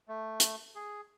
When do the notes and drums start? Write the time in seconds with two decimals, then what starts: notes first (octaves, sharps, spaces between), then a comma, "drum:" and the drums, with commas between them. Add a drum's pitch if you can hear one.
0.08 A3
0.40 drum: hi-hat
0.76 G#4